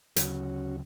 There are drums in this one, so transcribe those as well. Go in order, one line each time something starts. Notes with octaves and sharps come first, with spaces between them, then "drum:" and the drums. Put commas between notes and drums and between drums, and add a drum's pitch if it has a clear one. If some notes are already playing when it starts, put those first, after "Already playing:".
D2 C#3 F#3 C#4 F#4, drum: hi-hat